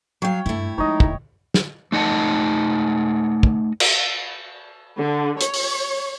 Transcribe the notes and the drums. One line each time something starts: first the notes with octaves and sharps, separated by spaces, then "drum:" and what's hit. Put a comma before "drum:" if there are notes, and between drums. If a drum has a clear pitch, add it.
F#3 C#5 F5 G5
G2 A3 E4
F3 G#3 D#4 C#5 D#5
E1, drum: kick
drum: snare
A3 D#4 D#5 F#5 A5
drum: kick
drum: cymbal
D3
C#5, drum: hi-hat
drum: open hi-hat